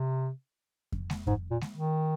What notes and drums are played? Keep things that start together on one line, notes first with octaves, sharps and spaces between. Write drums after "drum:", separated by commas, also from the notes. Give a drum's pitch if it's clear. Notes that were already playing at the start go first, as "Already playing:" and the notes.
Already playing: C3
drum: kick F2
drum: snare G#3
G#2, drum: kick F2
A#2
drum: snare G#3
D#3